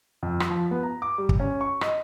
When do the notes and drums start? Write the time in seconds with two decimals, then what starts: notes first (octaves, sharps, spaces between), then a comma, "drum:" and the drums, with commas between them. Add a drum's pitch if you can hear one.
0.23 F2
0.40 drum: rim click
0.50 F3
0.71 B3
0.83 A#5
1.02 D6
1.18 G3
1.29 drum: kick
1.40 C#4
1.61 C#6
1.81 D#5, drum: rim click